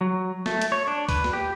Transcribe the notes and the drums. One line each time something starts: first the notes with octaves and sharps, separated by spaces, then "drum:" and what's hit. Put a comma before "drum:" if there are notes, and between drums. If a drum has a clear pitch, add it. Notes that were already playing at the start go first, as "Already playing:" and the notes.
F#3
A3, drum: snare
drum: hi-hat
C#5
D4
B4, drum: kick, open hi-hat
drum: snare
G4